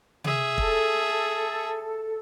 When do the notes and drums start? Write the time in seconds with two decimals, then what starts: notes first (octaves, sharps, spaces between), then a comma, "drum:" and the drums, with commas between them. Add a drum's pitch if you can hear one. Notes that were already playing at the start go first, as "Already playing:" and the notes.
0.24 G#4 E5, drum: tom C3
0.58 A4, drum: kick